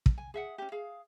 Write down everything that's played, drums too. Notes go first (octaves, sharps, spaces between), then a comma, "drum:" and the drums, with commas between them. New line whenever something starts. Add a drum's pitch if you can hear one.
drum: kick
G#5
G#4 E5 F#5
C#4 G4
G#4 F5